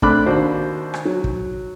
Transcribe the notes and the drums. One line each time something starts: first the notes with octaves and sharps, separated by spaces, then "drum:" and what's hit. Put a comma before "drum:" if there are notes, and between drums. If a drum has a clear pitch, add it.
A3 C4 D4 B5 D6 F#6, drum: kick
D#2 D4 F#4 C5
drum: rim click
F#3
drum: kick